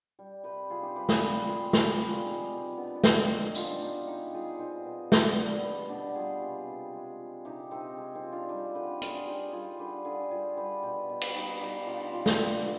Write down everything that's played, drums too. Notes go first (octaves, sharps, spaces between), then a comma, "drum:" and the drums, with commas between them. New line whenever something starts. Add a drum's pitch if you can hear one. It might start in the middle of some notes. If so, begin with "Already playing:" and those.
G3
C3 G4 B4
C3 F4 G#4
D#4 G4
G3 G4 B4
G4 B4, drum: snare
G3 G4 B4
G4
C3 F4 G#4
C3 G4 B4, drum: snare
F4 G#4
G3
F4 G#4
G#3 D#4 G4
B2
B2 B3 D4
B3
G#3, drum: snare
C4
G#3 C4 D#4
B2 D4 F4, drum: tambourine
B2 D#4 G4
G#3 D#4 G4
G3 F4 G#4
B2 C4 D#4
B2
G3, drum: snare
G3 B3 D4
B2 B3
B2 B3 D4
G3 F4 G#4
C3
C3
G#3
F3
C3 D#4 G4
C3 C4 D#4
G#3
C4 D#4
F3
D4 F4
G3 D#4 G4
D3 G4 B4
D3 F4 G#4, drum: hi-hat
G3 D#4 G4
G3 F4 G#4
D3 G4 B4
D3 F4 G#4
G3 F4 G#4
G3 G4 B4
B2 G4 B4
B2
drum: cymbal
G3 D#4 G4
G3 D#4 G4
B2 D4 F4
B2 D4 F4
drum: snare
G3 B3 D4